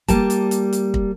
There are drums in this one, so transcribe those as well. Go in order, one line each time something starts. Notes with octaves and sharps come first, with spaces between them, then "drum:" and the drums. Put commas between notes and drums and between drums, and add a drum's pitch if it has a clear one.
G3 A#3 A5, drum: kick, hi-hat
drum: hi-hat
drum: hi-hat
drum: hi-hat
drum: kick